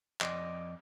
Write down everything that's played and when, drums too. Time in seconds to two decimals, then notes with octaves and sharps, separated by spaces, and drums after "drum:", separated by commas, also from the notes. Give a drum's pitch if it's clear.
0.21 F2 D5 D#5 C6, drum: clap